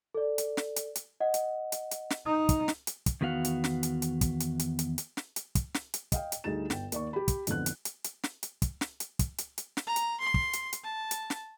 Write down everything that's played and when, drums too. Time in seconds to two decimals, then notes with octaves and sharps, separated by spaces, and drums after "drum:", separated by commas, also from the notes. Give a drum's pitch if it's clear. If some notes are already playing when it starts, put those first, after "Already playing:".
0.14 A4 D5
0.38 drum: hi-hat
0.57 drum: snare
0.76 drum: hi-hat
0.95 drum: hi-hat
1.20 D#5 F#5
1.34 drum: hi-hat
1.72 drum: hi-hat
1.91 drum: hi-hat
2.10 drum: snare
2.26 D#4 D#6
2.49 drum: kick, hi-hat
2.68 drum: snare
2.87 drum: hi-hat
3.06 drum: kick, hi-hat
3.21 E2 D#3 B3 F#4 F5 F#5
3.45 drum: hi-hat
3.64 drum: snare
3.83 drum: hi-hat
4.02 drum: hi-hat
4.21 drum: kick, hi-hat
4.40 drum: hi-hat
4.59 drum: hi-hat
4.79 drum: hi-hat
4.98 drum: hi-hat
5.17 drum: snare
5.36 drum: hi-hat
5.55 drum: kick, hi-hat
5.74 drum: snare
5.94 drum: hi-hat
6.12 D#5 F5 G5, drum: kick, hi-hat
6.32 drum: hi-hat
6.44 D2 G3 D#4 G#4 A6 E7
6.70 G1 G5, drum: snare
6.92 D#2 D5 C#6, drum: hi-hat
7.13 G4 B5
7.28 drum: kick, hi-hat
7.47 A1 F2 D3 F3 B3 F#6, drum: hi-hat
7.66 drum: hi-hat
7.85 drum: hi-hat
8.04 drum: hi-hat
8.24 drum: snare
8.43 drum: hi-hat
8.62 drum: kick, hi-hat
8.81 drum: snare
9.00 drum: hi-hat
9.19 drum: kick, hi-hat
9.38 drum: hi-hat
9.58 drum: hi-hat
9.77 drum: snare
9.86 A#5
9.96 drum: hi-hat
10.20 C6
10.34 drum: kick
10.53 drum: hi-hat
10.73 drum: hi-hat
10.83 A5
11.11 drum: hi-hat
11.30 drum: snare